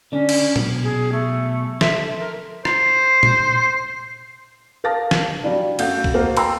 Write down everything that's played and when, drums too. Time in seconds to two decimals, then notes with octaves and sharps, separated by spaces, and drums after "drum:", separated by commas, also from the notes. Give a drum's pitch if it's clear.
0.12 D3 C#4 D4
0.29 drum: cymbal
0.56 B1, drum: tom A#2
0.83 G#4
1.12 A3
1.81 A4 E5 C6, drum: snare
2.19 A#4
2.65 C5, drum: rim click
3.23 drum: tom A#2
4.84 A#4 F5 A5 A6 A#6
5.11 drum: snare
5.43 F#3 G3 D4 D5 F5
5.79 F#2 A3 F#4 F5 F#5 G6, drum: cymbal
6.04 drum: kick B1
6.14 A#3 F#4 A#4 C5 F5
6.37 G5 G#5 A#5 C6 E6, drum: cymbal